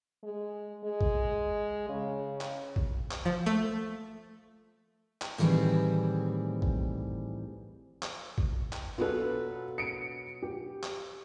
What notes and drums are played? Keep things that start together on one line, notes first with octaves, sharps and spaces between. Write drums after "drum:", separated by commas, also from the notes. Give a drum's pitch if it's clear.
G#3
G#3
drum: kick
C#3
drum: clap
drum: kick
drum: clap
F3
A3
drum: clap
A2 D#3 E3 G3 C4 G#4
drum: kick
drum: clap
drum: kick
drum: clap
B2 F#3 F4 A4 B4
C#7 D7
G4
drum: clap